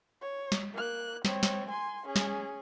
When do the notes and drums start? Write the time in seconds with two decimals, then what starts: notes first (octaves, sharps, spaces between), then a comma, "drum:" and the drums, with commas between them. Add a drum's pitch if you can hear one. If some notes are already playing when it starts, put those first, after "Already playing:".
0.21 C#5
0.52 drum: snare
0.73 A#3 F#6
1.25 C4 C#5, drum: snare
1.43 drum: snare
1.69 G#5 C6
2.06 C#4 G#4
2.16 drum: snare